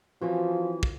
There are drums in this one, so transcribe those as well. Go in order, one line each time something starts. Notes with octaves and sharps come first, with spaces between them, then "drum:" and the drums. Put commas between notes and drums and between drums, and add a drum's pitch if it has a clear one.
E3 F3 C4 C#4 F4 F#4
drum: kick